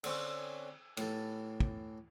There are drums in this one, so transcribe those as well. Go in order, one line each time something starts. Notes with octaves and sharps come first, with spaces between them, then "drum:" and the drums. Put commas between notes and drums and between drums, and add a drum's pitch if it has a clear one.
D3 C4 C#4, drum: cymbal
A2 E3 A4, drum: cymbal
drum: kick